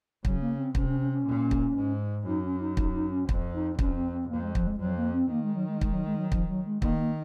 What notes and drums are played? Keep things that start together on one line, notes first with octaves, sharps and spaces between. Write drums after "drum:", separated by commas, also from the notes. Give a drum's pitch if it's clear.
C#3 F#3, drum: kick
A#3
C4
C3 C#4, drum: kick
C#4
C#4
C#4
A#2
drum: kick
G#2
F#2 D#4
C#4
D#4
D#4, drum: kick
D#4
C#4
F2, drum: kick
D#4
F2 C#4, drum: kick
C4
C4
F2 A#3
G#3
F3, drum: kick
G#3
F2 F#3
A#3
C4
D#3 A#3
G#3
F#3
G#3
G#3, drum: kick
F#3
G#3
F#3
F3, drum: kick
F#3
G#3
D#3 A#3, drum: kick
A#3